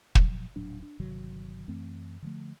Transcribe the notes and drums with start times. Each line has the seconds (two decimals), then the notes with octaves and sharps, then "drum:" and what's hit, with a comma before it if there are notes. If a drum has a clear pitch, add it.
0.15 A#2 F3 F#3, drum: kick
0.56 D#1 A2 F#3 D4
0.82 D4
1.00 G1 C3 D#3 F#3
1.68 F#2 E3 A3 C4
2.22 D3 F3 A3